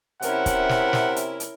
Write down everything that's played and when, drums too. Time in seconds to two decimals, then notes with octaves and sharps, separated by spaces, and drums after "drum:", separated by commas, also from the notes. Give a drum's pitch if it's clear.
0.22 C3 C#4 E4 A#4 F#5, drum: hi-hat
0.46 drum: kick, hi-hat
0.69 drum: snare
0.93 drum: snare
1.16 drum: hi-hat
1.40 drum: hi-hat